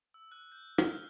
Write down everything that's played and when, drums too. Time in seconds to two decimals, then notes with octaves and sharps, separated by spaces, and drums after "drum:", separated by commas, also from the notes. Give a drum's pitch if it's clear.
0.14 E6
0.32 F#6
0.52 G6
0.78 F6, drum: rim click